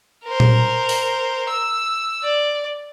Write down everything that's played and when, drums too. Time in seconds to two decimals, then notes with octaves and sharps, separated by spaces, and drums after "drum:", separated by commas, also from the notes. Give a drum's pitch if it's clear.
0.24 A#4 C5
0.40 drum: tom A#2
0.89 drum: open hi-hat
1.49 E6
2.23 D5